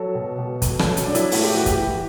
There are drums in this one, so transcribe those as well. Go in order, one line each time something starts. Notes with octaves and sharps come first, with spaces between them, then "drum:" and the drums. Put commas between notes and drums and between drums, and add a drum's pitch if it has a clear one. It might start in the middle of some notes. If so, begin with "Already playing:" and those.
Already playing: F#3 A4
B2
B2
B2, drum: kick, hi-hat
A4, drum: rim click
F#3
drum: hi-hat
F#3 D4
E4, drum: hi-hat
A2 A4, drum: open hi-hat
G4
E3 F#4
G4, drum: kick, hi-hat
E3